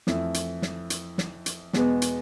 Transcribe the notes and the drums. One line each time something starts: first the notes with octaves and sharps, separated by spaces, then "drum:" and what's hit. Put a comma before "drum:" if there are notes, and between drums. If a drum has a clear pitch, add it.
F2 E3 A3 E4, drum: snare
drum: hi-hat
drum: snare
drum: hi-hat
drum: snare
drum: hi-hat
E2 B2 G#3 B3, drum: snare
drum: hi-hat